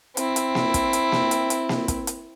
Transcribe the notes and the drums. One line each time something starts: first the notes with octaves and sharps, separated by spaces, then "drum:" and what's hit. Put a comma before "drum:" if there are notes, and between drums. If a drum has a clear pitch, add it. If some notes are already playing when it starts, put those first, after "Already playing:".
C4 E4, drum: hi-hat
drum: hi-hat
drum: snare A#3
drum: kick, hi-hat
drum: hi-hat
drum: snare A#3
drum: hi-hat
drum: hi-hat
drum: snare A#3
drum: kick, hi-hat
drum: hi-hat